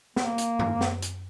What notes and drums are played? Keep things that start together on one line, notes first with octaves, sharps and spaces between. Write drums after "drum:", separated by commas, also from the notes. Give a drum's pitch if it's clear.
A#3, drum: snare
drum: hi-hat
drum: tom F#2
drum: snare
drum: hi-hat